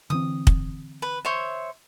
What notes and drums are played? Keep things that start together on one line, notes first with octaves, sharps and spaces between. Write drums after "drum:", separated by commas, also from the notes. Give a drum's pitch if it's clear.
D3 E3 C4 D#6
drum: kick
B4
C5 C#5 E5